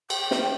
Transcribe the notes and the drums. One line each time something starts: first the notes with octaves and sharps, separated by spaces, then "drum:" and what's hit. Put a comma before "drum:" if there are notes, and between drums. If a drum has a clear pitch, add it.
G5, drum: cymbal
drum: snare